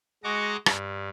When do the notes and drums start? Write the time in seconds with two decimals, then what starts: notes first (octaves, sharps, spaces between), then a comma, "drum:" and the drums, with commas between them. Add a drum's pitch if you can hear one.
0.24 G#3 F#4 D#5 A#5 C#6 D6
0.66 G2, drum: rim click